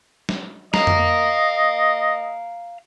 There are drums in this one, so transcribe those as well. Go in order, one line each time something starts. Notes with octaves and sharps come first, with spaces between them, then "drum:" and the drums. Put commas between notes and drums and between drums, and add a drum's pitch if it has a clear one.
drum: snare
D#5 F5 A#5, drum: snare
drum: tom F2